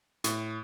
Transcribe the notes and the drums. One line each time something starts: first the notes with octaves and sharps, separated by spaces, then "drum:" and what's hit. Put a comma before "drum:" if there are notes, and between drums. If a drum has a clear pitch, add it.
A2, drum: hi-hat